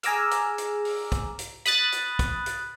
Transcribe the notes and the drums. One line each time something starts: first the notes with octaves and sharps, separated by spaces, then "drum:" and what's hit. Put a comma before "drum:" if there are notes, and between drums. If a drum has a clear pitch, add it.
G#4 G#5 A#5 D6 E6 F6, drum: hi-hat
drum: hi-hat
drum: hi-hat
drum: open hi-hat
drum: kick, hi-hat
drum: hi-hat
B5 D#6 F#6 A6, drum: hi-hat
drum: hi-hat
drum: kick, hi-hat
drum: hi-hat